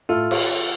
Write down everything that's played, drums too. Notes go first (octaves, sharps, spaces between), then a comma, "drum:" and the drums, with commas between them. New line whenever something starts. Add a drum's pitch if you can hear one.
A2 F4 A4
drum: cymbal